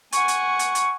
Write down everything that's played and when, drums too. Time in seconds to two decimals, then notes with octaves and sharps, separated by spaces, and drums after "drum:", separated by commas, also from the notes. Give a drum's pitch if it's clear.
0.12 F#5 G#5 C#6, drum: hi-hat
0.28 drum: hi-hat
0.59 drum: hi-hat
0.75 drum: hi-hat